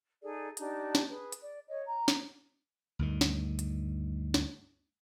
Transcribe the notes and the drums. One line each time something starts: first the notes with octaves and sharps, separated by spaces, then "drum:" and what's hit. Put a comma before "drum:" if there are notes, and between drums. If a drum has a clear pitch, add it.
D#4 G#4 A4 D5
D4 D#4 G4, drum: hi-hat
drum: snare
G#4 B4
drum: hi-hat
D5
C#5 D#5
A#5
drum: snare
D2 G2 D#3
drum: snare
drum: hi-hat
drum: snare